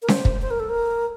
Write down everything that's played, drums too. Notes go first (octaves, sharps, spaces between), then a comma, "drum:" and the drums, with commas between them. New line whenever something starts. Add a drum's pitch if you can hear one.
A#4
C5, drum: snare C#4
drum: kick
C5
A#4
A4
A#4